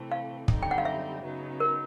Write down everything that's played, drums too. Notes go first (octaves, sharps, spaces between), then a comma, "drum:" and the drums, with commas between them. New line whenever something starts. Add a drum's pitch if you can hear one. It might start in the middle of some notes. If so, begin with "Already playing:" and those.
Already playing: C3 E3 A3 C4
F5
F#2 D3 G3 C4 D#4, drum: kick
G5
F#5
F5
E5
C#3 F#3 B3 D#4
A#4